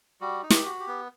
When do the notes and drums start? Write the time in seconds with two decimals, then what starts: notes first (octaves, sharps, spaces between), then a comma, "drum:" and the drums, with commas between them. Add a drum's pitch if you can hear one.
0.21 G3 F#4
0.43 D#4
0.50 G4, drum: snare
0.65 F#4
0.80 G4
0.87 B3